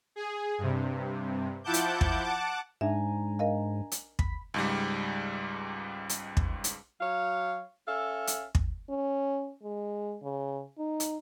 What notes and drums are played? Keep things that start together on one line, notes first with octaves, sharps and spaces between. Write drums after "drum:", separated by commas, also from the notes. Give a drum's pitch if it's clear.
G#4
G2 C3
F3 E4 F#5 A5 D6 G6
drum: hi-hat
drum: kick
F#5 A5 D6
G#2 D4 E5 G#5 A#5
A#4 D#5 F5
drum: hi-hat
B5 B6, drum: kick
C#2 G#2 G3
drum: hi-hat
drum: kick
drum: hi-hat
F#3 C#5 F5
C#4 A4 E5 F5
drum: hi-hat
drum: kick
C#4
G#3
C#3
D#4
drum: hi-hat